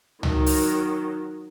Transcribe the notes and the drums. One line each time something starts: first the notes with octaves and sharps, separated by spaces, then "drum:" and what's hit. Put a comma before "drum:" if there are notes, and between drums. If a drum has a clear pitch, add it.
D#3 F#3, drum: tom
drum: open hi-hat